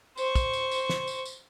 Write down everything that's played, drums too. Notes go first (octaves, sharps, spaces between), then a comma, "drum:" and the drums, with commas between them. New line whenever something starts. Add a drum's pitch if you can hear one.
C5 C#6, drum: tambourine
drum: kick, tambourine
drum: tambourine
drum: tambourine
drum: snare
drum: tambourine
drum: tambourine